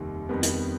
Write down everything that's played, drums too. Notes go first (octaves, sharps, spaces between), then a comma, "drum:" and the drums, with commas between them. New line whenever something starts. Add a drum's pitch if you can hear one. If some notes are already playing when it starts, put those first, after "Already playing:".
Already playing: F1 D#2 D#3 G3
F2 D#3 G3 B3
drum: hi-hat